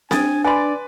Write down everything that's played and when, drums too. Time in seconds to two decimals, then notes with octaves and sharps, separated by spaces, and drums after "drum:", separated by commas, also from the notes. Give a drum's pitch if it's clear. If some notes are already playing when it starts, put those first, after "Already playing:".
0.11 D4 G5 G#5 D#6 A6, drum: snare C4
0.45 B4 D5 G#5 B5 C6